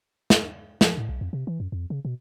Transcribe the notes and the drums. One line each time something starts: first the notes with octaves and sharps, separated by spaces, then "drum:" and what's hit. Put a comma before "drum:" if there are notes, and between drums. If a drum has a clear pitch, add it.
drum: snare
F3, drum: snare
A2
B1
F2
C3
E3
F#2
F2
C#3
B2